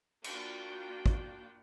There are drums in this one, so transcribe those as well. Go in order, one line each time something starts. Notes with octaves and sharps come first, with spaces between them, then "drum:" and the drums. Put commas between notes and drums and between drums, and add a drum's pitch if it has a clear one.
A#3 D4 F4 F#4 G5, drum: cymbal
drum: kick